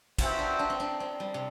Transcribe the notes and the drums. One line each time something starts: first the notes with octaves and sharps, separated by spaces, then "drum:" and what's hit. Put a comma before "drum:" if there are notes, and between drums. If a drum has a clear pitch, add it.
B3 F#4 C5 E5 G5, drum: kick, cymbal
D4
D4
C4
D4
C4
G3
C3